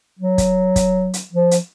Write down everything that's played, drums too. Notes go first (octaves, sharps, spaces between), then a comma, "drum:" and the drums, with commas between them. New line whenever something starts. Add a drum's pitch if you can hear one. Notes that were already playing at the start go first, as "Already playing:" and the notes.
F#3
drum: kick, hi-hat
drum: kick, hi-hat
drum: hi-hat
F3
drum: hi-hat